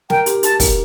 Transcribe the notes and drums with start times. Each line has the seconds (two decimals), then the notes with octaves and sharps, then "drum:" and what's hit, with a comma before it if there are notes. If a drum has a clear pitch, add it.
0.10 A#4 G5, drum: snare
0.26 G4, drum: hi-hat
0.43 G4 A5, drum: hi-hat
0.60 A#4, drum: kick, open hi-hat